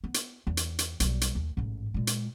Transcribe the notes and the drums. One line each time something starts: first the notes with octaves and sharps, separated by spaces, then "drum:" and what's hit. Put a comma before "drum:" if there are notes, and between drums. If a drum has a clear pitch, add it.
B3
drum: hi-hat
E2
drum: hi-hat
drum: hi-hat
B1 G3, drum: hi-hat
drum: hi-hat
D#2
A1 G#2
A#2 G#3
drum: hi-hat